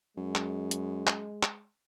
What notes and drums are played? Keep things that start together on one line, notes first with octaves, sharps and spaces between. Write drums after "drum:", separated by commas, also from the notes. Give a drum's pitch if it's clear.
F#2 G#3
drum: clap
drum: hi-hat
drum: clap
drum: clap